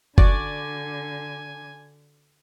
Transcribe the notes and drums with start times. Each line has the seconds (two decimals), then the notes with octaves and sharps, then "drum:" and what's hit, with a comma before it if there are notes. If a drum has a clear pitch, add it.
0.18 D3 F#4 D5 G#5, drum: kick F#1